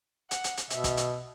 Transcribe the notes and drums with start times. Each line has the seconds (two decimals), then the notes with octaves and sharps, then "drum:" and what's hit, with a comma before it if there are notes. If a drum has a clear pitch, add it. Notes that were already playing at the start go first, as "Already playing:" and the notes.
0.31 F#5, drum: hi-hat
0.44 drum: hi-hat
0.57 drum: hi-hat
0.70 B2 E5, drum: hi-hat
0.84 drum: kick, hi-hat
0.97 drum: hi-hat